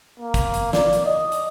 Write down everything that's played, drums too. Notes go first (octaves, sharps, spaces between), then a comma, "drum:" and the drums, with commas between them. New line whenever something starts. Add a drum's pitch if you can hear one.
A#3
drum: kick, hi-hat
drum: hi-hat
D5, drum: snare
drum: hi-hat
D#5
drum: hi-hat